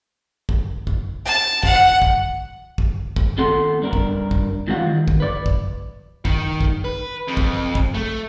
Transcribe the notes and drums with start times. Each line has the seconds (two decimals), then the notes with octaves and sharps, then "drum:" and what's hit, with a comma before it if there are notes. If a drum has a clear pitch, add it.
0.49 drum: kick
0.87 drum: kick
1.25 A5
1.63 F#5, drum: kick
2.02 drum: kick
2.78 drum: kick
3.16 drum: kick
3.38 D#2 B3 A4 F#5 C6
3.82 G2 D4 A#4
3.93 drum: kick
4.31 drum: kick
4.67 G#2 E3 G3 F4 G4 F#5
4.86 D#3
5.08 drum: kick
5.20 B4 D5
5.46 drum: kick
6.25 D#3, drum: kick
6.61 drum: kick
6.85 B4
7.28 F2
7.37 drum: kick
7.75 drum: kick
7.94 A3